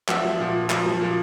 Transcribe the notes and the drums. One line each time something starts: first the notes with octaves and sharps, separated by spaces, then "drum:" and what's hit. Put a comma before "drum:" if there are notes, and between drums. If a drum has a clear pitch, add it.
F3 E5 F#5, drum: clap
F3
A#2
A#2
F3, drum: clap
F3
A#2